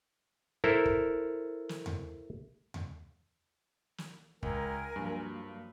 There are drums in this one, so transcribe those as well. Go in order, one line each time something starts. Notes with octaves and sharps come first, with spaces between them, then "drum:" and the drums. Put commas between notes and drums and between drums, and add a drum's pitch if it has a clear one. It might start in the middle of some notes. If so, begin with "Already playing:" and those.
E4 A4 A#4 C5
drum: kick
drum: snare
drum: tom E2
drum: tom E2
drum: snare
C#2 A#4 G#5, drum: kick
G2 F3 F#3 A#3